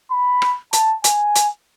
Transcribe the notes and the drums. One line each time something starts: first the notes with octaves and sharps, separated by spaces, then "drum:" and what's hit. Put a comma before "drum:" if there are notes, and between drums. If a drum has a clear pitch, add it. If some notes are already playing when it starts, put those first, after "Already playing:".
B5
drum: rim click
A5, drum: hi-hat
G#5, drum: hi-hat
drum: hi-hat